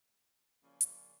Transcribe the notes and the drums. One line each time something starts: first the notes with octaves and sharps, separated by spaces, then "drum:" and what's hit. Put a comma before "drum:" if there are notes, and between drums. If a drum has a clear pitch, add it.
C#3 F3 A#3 C#4 G#4 D5
drum: hi-hat